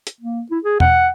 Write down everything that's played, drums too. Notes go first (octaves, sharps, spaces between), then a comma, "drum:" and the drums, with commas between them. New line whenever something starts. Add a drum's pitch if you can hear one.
drum: hi-hat
A#3
E4
G#4
F#5, drum: tom E2